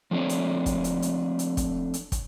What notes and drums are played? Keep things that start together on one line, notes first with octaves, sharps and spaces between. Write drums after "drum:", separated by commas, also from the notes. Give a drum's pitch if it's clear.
F3 A3 C4 D4 C#5
drum: hi-hat
drum: kick, hi-hat
drum: hi-hat
drum: hi-hat
drum: hi-hat
drum: kick, hi-hat
drum: hi-hat
drum: kick, hi-hat